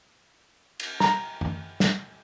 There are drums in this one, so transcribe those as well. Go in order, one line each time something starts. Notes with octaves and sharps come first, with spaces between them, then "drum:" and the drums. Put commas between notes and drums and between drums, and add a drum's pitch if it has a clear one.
drum: cymbal
A#5, drum: snare
drum: tom F#2
drum: snare